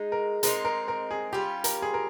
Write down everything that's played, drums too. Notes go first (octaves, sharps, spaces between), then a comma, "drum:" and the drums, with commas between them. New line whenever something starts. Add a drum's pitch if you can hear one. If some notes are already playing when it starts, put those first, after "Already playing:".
Already playing: G#3 D#4 G#4
A#4
G#3 C4 D#4 A#4, drum: hi-hat
A#4
A#4
G#4
G3 C#4 F4 G4
A#4, drum: hi-hat
G#4
A#4